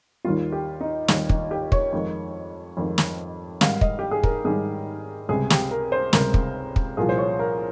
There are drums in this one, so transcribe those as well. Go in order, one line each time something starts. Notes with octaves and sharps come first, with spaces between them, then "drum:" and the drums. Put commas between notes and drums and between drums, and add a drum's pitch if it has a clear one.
D#2 D#3 G3 F4
G4
D#4
D#2 D#3 G3, drum: snare
D#4, drum: kick
G4
C#5, drum: kick
F2 D#3 G#3
F2 D#3 G#3
drum: snare
G#2 D#3 G3 F5, drum: snare
D#5, drum: kick
G4
G#4
A#4, drum: kick
G#2 D#3 G3 G#4
C#2 C3 G3 G#4
G4, drum: snare
A#4
C5
C#2 C3 G3 A#4, drum: snare
drum: kick
drum: kick
C2 A#2 F3 G#4
C5
C#5
A#4